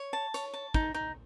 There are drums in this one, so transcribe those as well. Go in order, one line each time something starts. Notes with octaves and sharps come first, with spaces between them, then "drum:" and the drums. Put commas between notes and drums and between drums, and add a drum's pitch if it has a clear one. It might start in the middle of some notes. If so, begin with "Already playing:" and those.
Already playing: C#5
A5
C#5, drum: hi-hat
A5
D#4, drum: kick
D#4